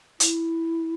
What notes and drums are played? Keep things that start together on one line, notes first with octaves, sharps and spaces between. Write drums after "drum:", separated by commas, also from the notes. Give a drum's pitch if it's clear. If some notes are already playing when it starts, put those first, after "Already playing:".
E4, drum: hi-hat